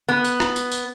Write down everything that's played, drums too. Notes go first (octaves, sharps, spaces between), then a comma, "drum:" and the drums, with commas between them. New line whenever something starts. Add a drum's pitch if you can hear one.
B3
drum: tambourine
drum: rim click
drum: tambourine
drum: tambourine